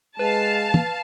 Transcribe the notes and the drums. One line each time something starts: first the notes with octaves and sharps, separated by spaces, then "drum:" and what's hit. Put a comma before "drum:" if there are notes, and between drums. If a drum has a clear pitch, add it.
G#3 B4 F5 A5
drum: tom